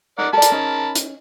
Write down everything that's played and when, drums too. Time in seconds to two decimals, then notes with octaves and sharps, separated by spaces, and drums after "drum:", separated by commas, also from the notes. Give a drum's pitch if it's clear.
0.18 D#4 A#4 D5 F#5
0.33 A4 A#4 D5 A5 B5
0.42 drum: hi-hat
0.52 C#4 D#4
0.95 drum: hi-hat